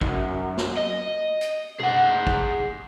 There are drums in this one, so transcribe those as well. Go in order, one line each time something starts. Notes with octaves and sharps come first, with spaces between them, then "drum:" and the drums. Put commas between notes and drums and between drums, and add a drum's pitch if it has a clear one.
B1 F#2, drum: kick
drum: snare
D#5
drum: hi-hat
G#4 F#5, drum: tom
drum: kick